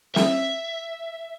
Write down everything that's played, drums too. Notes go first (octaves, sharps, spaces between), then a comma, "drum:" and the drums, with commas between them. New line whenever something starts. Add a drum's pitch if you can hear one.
E5, drum: snare